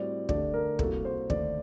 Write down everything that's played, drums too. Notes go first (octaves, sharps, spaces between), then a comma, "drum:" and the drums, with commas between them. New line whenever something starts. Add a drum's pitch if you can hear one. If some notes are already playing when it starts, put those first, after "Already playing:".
Already playing: A2 G3 C4 F#4 D5
D3 A3 D4 G4 D5, drum: kick
A#4
C2 C3 G3 A#3 F#4 A4, drum: kick
C5
D#2 D3 A3 D5, drum: kick